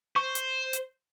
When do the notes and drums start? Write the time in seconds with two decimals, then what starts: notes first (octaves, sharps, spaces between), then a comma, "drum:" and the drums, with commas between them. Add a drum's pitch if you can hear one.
0.16 C5 C#6
0.35 drum: hi-hat
0.73 drum: hi-hat